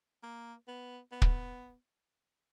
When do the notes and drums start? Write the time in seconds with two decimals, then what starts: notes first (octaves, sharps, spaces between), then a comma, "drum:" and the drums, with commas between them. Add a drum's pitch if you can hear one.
0.23 A#3
0.68 B3
1.12 B3
1.22 drum: kick